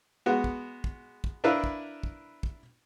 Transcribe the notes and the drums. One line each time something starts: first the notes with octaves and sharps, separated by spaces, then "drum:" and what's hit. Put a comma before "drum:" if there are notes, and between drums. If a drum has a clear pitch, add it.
G#3 B3 F#4
drum: kick
drum: kick
drum: kick
D4 E4 A#4 B4 F5
drum: kick
drum: kick
drum: kick